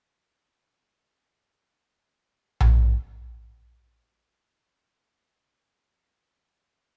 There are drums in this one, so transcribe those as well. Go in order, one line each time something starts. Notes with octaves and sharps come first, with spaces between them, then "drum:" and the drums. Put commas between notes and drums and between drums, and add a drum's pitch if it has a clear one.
D4
G#4
D6
C#4
B4
F3
D5
C5 D5 E5
drum: tom A#1
F4 F#4 A4
D3 G3 G4 A#5
C4 G4 B5 D6
D4
C5
F#2
G#3
D5
F#5
C#4
F4